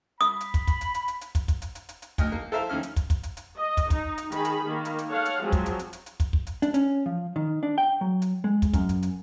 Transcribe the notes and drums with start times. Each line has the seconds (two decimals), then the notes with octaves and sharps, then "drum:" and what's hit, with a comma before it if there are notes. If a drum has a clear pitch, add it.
0.21 B5 D#6
0.40 drum: hi-hat
0.54 drum: kick, hi-hat
0.67 drum: kick, hi-hat
0.81 drum: hi-hat
0.94 drum: hi-hat
1.08 drum: hi-hat
1.21 drum: hi-hat
1.35 drum: kick, hi-hat
1.48 drum: kick, hi-hat
1.62 drum: hi-hat
1.75 drum: hi-hat
1.89 drum: hi-hat
2.02 drum: hi-hat
2.18 D2 D#5 F6, drum: kick, hi-hat
2.32 A#3
2.51 E4 A4 A#4 C5 E5 F5
2.69 D#2 D#3 C#4 F6
2.83 drum: hi-hat
2.96 drum: kick, hi-hat
3.10 drum: kick, hi-hat
3.23 drum: hi-hat
3.37 drum: hi-hat
3.57 D#5
3.77 drum: kick, hi-hat
3.90 D#4, drum: kick, hi-hat
4.18 drum: hi-hat
4.32 D#3 G#4 B5, drum: hi-hat
4.45 drum: hi-hat
4.65 D#3 A#3
4.85 drum: hi-hat
4.98 drum: hi-hat
5.08 A4 C#5 F5 F#5
5.25 drum: hi-hat
5.43 F3 F#3 G#3 C4
5.52 drum: kick, hi-hat
5.66 drum: hi-hat
5.79 drum: hi-hat
5.93 drum: hi-hat
6.06 drum: hi-hat
6.20 drum: kick, hi-hat
6.33 drum: kick
6.47 drum: hi-hat
6.62 D4, drum: hi-hat
6.74 C#4, drum: hi-hat
7.06 F3
7.36 D#3
7.63 D4
7.78 G5
8.01 F#3
8.22 drum: hi-hat
8.44 G#3
8.62 drum: kick, hi-hat
8.74 F#2, drum: kick, hi-hat
8.89 drum: hi-hat
9.03 drum: hi-hat